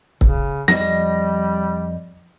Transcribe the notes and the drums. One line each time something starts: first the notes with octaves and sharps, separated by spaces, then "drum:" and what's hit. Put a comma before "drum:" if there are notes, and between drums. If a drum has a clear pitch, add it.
C#3, drum: kick
F2 G3 D#5 A#6, drum: snare